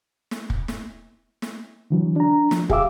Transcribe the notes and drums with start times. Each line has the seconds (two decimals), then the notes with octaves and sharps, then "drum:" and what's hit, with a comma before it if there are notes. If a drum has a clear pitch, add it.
0.31 drum: snare
0.50 drum: kick
0.68 drum: snare
1.42 drum: snare
1.90 D3 E3 F#3
2.16 D4 A#5
2.51 F3, drum: snare
2.70 G4 G#4 E5 F5 D6 E6, drum: kick